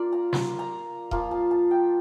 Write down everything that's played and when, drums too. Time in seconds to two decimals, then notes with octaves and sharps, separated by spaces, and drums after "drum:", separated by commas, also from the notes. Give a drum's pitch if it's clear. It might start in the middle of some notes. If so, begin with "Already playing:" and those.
Already playing: A#3 D4 F4 D5
0.13 A#5
0.33 C6, drum: snare
0.59 A#5
1.11 F3 A#3 F4 F5, drum: kick D#1
1.31 A5
1.51 A5
1.71 G5